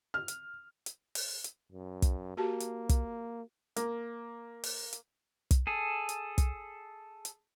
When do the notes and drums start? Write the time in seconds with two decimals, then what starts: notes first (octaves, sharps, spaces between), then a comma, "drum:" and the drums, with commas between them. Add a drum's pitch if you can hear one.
0.14 F6
0.28 drum: hi-hat
0.86 drum: hi-hat
1.15 drum: open hi-hat
1.44 drum: hi-hat
1.72 F#2
2.02 drum: kick, hi-hat
2.37 A#3 F#4 G4 A5
2.60 drum: hi-hat
2.89 drum: kick, hi-hat
3.76 A#3, drum: hi-hat
4.64 drum: open hi-hat
4.93 drum: hi-hat
5.51 drum: kick, hi-hat
5.67 G#4 A4
6.09 drum: hi-hat
6.38 drum: kick, hi-hat
7.25 drum: hi-hat